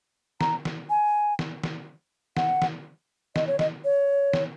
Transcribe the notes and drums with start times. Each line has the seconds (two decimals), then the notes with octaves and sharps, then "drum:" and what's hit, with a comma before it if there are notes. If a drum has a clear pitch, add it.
0.41 A#5, drum: snare
0.65 drum: snare
0.90 G#5
1.39 drum: snare
1.64 drum: snare
2.37 F#5, drum: snare
2.62 drum: snare
3.36 D#5, drum: snare
3.47 C#5
3.59 D#5, drum: snare
3.84 C#5
4.33 drum: snare